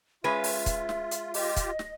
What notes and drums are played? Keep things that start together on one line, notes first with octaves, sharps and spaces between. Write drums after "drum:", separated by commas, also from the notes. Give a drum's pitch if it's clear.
G#3 C#4 F4 B4 E5
drum: open hi-hat
drum: kick, hi-hat
drum: snare
drum: hi-hat
F4 G4 D#5, drum: open hi-hat
drum: kick, hi-hat
drum: snare